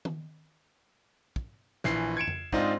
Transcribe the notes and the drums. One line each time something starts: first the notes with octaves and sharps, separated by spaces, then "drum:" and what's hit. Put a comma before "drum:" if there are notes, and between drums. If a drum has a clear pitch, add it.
drum: tom D#3
drum: kick
A#1 E3 C7, drum: snare
G#6 C#7 D7 E7
drum: tom F2
G#2 C4 D4 D#4 F4, drum: kick